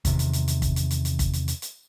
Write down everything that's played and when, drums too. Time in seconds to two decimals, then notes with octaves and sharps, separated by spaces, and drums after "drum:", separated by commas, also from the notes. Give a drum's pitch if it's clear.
0.05 E2 C3 D#3, drum: kick, hi-hat
0.19 drum: hi-hat
0.33 drum: hi-hat
0.48 drum: hi-hat
0.62 drum: kick, hi-hat
0.76 drum: hi-hat
0.91 drum: hi-hat
1.05 drum: hi-hat
1.19 drum: kick, hi-hat
1.33 drum: hi-hat
1.48 drum: hi-hat
1.62 drum: hi-hat